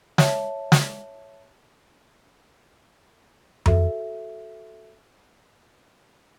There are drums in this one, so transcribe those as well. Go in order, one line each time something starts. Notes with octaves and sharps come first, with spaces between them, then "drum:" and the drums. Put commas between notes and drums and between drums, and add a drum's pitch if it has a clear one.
C#5 E5 A5, drum: snare
drum: snare
F#4 A4 E5, drum: tom F2